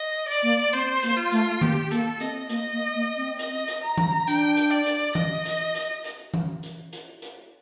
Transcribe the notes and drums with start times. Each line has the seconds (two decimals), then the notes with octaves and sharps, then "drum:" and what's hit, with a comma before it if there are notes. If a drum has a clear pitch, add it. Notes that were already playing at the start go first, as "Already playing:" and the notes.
Already playing: D#5
0.28 D5
0.43 A#3
0.73 C4 C5
1.03 A#3, drum: hi-hat
1.17 F4
1.31 A3, drum: hi-hat
1.61 A#3 G4, drum: tom D#3
1.91 A#3 A4, drum: hi-hat
2.20 C4 D#5, drum: hi-hat
2.49 A#3 D#5, drum: hi-hat
2.73 A#3
2.95 A#3
3.17 C4
3.39 D#5, drum: hi-hat
3.68 drum: hi-hat
3.83 A#5
3.98 drum: tom E3
4.28 D4 G5, drum: hi-hat
4.57 drum: hi-hat
4.71 D5
4.86 drum: hi-hat
5.15 D#5, drum: tom E3
5.45 drum: hi-hat
5.75 drum: hi-hat
6.04 drum: hi-hat
6.34 drum: tom E3
6.63 drum: hi-hat
6.93 drum: hi-hat
7.22 drum: hi-hat